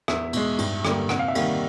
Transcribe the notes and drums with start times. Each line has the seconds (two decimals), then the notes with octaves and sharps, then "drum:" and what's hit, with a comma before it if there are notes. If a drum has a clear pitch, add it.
0.08 E2 E5, drum: rim click
0.33 B2 G#3, drum: cymbal
0.59 G2, drum: cymbal
0.85 D3 G3 A#3, drum: rim click
1.09 C3 F#5, drum: rim click
1.19 F5
1.28 E5
1.35 D#3 G3 A#3 F5, drum: cymbal